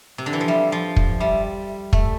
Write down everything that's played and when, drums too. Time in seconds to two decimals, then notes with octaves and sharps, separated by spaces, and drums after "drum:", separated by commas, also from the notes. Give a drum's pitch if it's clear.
0.18 C3
0.26 D3
0.33 E3
0.41 F3
0.48 G3 E5
0.72 F3
0.96 drum: kick
1.20 G3 E5
1.93 A3 E5, drum: kick